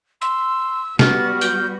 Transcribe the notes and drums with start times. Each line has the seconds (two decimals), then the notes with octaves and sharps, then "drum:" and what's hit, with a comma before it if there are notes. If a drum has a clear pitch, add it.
0.21 C6 E6
0.99 G3 B3 F#4 F6 A6, drum: snare
1.41 G6, drum: tambourine